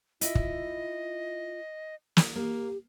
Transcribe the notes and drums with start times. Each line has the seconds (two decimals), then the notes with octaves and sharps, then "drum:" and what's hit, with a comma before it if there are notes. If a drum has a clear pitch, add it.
0.21 E4 F4 D#5 E5, drum: hi-hat
0.35 drum: kick
2.17 drum: snare
2.36 A#3 G4